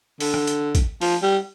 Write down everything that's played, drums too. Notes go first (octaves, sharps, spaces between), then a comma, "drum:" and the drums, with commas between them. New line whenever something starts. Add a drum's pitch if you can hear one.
D3, drum: open hi-hat
drum: rim click
drum: hi-hat
drum: kick, hi-hat
F3, drum: open hi-hat
G3